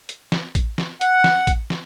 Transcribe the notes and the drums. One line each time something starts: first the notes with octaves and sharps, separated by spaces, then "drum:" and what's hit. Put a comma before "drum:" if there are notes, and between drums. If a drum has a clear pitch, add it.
drum: hi-hat
drum: snare
drum: kick A1, hi-hat
drum: snare
F#5, drum: hi-hat
drum: snare
drum: kick A1, hi-hat
drum: snare